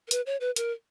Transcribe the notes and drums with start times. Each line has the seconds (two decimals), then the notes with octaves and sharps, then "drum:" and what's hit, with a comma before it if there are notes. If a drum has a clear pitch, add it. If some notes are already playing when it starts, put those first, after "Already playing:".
0.08 A#4
0.11 B4, drum: hi-hat
0.26 C#5
0.41 B4
0.56 A#4, drum: hi-hat